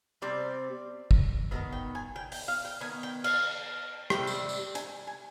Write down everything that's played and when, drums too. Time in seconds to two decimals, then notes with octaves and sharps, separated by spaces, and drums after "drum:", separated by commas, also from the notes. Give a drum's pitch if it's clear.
0.22 C3 G3 C4 D5
1.11 drum: kick
1.51 D#3 G3 B3 D#5
1.73 G5
1.95 G#5
2.16 G5
2.32 G5, drum: open hi-hat
2.48 F5
2.65 G5
2.81 D#3 B3 G#5
3.03 G5
3.24 F5, drum: cymbal
4.10 C3 G3 G5, drum: rim click
4.27 drum: tambourine
4.49 drum: tambourine
4.75 G#5, drum: hi-hat
5.07 G#5